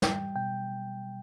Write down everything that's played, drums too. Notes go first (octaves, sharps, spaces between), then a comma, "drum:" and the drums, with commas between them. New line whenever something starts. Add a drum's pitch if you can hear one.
G3 G5, drum: snare
B2 G5